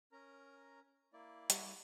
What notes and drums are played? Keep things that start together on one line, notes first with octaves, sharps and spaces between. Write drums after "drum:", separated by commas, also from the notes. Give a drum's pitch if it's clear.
C#4 A#4 A#5
A#3 E4 D5
G3 G4 F#5, drum: hi-hat